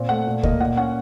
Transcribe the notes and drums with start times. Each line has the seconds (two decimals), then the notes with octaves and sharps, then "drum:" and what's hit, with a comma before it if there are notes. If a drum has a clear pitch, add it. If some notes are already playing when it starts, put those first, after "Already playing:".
Already playing: A#2 C4
0.09 A3 F#5
0.27 A#2
0.43 A#3 D#5, drum: kick D2
0.61 A#2 F#5
0.77 C#4 F#5